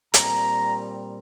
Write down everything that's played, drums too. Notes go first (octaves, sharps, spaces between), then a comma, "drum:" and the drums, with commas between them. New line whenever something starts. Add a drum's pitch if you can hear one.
A#2 G3 C4 A#5, drum: hi-hat